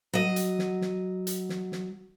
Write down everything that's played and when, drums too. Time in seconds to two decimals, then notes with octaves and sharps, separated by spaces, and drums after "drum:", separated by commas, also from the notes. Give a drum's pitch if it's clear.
0.13 F#3 D#5
0.36 drum: hi-hat
0.59 drum: snare
0.81 drum: snare
1.27 drum: hi-hat
1.49 drum: snare
1.72 drum: snare